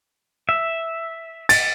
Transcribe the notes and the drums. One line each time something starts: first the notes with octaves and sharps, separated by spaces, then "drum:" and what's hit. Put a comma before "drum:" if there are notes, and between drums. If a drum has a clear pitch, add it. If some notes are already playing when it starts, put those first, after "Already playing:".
E5
A6, drum: cymbal